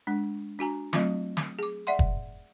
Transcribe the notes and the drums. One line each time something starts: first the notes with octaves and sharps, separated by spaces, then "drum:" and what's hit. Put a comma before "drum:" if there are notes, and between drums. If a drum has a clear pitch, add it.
G#3 D4
D4 F#4 G#5 A#5
F#3 A3 C4 F4, drum: snare
drum: snare
G#4 D6
D5 E5 F#5 C6
drum: kick